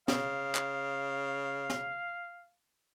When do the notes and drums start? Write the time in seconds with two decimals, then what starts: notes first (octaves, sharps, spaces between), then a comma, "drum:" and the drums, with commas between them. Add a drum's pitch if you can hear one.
0.08 C#3 F5, drum: snare
0.55 drum: clap
1.70 drum: snare